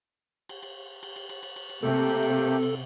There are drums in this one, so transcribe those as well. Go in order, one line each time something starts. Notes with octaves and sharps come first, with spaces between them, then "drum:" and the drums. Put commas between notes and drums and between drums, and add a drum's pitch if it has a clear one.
drum: cymbal
drum: cymbal
drum: cymbal
drum: cymbal
drum: cymbal
drum: cymbal
drum: cymbal
drum: cymbal
C3 A3 A#3 G4 A4
drum: cymbal
drum: cymbal
drum: cymbal
drum: cymbal